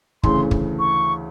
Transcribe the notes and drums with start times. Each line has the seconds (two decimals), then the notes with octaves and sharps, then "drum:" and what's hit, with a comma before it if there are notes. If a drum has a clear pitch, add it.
0.23 D2 C#3 E3 C6, drum: kick
0.51 drum: kick
0.79 C#6